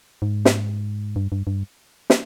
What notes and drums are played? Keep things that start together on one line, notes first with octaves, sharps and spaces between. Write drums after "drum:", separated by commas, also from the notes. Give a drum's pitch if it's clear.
G#2
drum: snare
G2
G2
G2
drum: snare